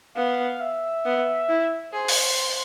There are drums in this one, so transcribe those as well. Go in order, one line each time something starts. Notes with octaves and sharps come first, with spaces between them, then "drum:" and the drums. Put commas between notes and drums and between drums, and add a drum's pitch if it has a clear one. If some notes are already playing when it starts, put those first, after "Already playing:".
B3 F5
E5
B3
E4
G#4 C5
drum: open hi-hat